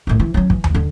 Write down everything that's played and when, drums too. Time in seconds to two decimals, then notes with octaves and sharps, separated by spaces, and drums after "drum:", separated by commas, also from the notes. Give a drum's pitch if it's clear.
0.07 C2 A2
0.20 E3
0.34 F#3 C#4
0.50 E3, drum: kick
0.64 drum: tom D#2
0.75 D3